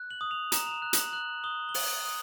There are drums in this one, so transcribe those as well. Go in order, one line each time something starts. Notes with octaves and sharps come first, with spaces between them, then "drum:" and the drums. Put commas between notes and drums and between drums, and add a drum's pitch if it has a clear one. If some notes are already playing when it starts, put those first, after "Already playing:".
Already playing: F#6
F#7
D#6
F7
A#5 E7, drum: hi-hat
F7
E7
F#6
F#7, drum: hi-hat
F#6 F#7
D#6 G7
G7
D#6 F#7, drum: open hi-hat
D#6